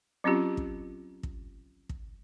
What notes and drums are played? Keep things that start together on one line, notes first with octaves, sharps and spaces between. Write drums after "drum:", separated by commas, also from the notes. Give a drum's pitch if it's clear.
F#3 C4 C#4 F4 G4
drum: kick
drum: kick
drum: kick